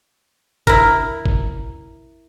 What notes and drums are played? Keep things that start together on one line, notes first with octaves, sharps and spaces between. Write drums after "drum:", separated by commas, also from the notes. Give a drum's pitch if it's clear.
E4 A#4, drum: kick G1
drum: kick G1